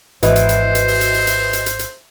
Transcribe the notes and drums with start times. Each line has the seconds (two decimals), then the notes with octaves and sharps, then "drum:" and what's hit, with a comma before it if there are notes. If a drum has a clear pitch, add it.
0.23 G#1 E3 F#4 B4 C5 D#5, drum: hi-hat
0.36 drum: hi-hat
0.49 drum: hi-hat
0.75 drum: hi-hat
0.88 drum: open hi-hat
1.01 drum: hi-hat
1.14 drum: open hi-hat
1.27 drum: hi-hat
1.53 drum: hi-hat
1.66 drum: hi-hat
1.79 drum: hi-hat